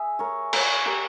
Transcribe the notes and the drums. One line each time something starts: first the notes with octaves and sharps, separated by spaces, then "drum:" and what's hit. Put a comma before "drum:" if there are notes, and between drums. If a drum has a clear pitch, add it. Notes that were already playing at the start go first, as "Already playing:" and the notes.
Already playing: G#4 E5
A#4 C#5
A#4 C#5, drum: cymbal
G4 A#4